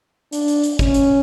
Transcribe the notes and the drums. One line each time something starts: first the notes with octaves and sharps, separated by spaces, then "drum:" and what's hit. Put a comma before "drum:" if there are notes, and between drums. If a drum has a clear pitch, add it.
D4, drum: hi-hat
drum: hi-hat
drum: hi-hat
C#4, drum: kick, hi-hat
drum: hi-hat